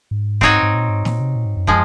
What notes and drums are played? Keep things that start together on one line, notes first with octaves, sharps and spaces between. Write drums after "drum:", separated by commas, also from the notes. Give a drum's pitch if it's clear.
G#2
C4 D#4 F#4 C#5, drum: kick
G#2
A#2
G#2
A#2, drum: snare
C3
A#2
G#2
F#2
F3 G#3, drum: kick